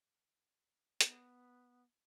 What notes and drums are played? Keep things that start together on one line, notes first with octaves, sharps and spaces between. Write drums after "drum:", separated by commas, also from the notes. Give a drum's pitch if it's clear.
B3, drum: hi-hat